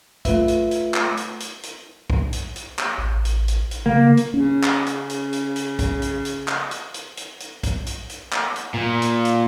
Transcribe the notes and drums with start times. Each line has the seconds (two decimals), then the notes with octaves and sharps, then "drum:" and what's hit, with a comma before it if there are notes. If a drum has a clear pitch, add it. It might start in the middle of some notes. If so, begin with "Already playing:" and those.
0.25 A3 F4 B4 E5, drum: kick A#1, hi-hat
0.48 drum: hi-hat
0.71 drum: hi-hat
0.94 drum: clap
1.17 drum: hi-hat
1.40 drum: hi-hat
1.63 drum: hi-hat
2.10 drum: kick A#1
2.33 drum: hi-hat
2.56 drum: hi-hat
2.79 drum: clap
2.98 A1
3.25 drum: hi-hat
3.48 drum: hi-hat
3.71 drum: hi-hat
3.86 C#3 A#3
4.17 drum: hi-hat
4.34 C#3 C#4
4.63 drum: clap
4.87 drum: hi-hat
5.10 drum: hi-hat
5.33 drum: hi-hat
5.56 drum: hi-hat
5.79 drum: kick A#1, hi-hat
6.02 drum: hi-hat
6.25 drum: hi-hat
6.48 drum: clap
6.71 drum: hi-hat
6.94 drum: hi-hat
7.17 drum: hi-hat
7.40 drum: hi-hat
7.63 drum: kick A#1, hi-hat
7.86 drum: hi-hat
8.10 drum: hi-hat
8.33 drum: clap
8.56 drum: hi-hat
8.74 A#2
9.02 drum: hi-hat
9.25 drum: hi-hat